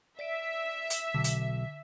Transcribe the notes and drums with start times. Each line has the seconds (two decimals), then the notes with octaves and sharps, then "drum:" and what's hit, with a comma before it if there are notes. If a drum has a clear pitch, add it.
0.19 D5 E5 B6 D7
0.90 drum: hi-hat
1.14 B1 D3
1.24 drum: hi-hat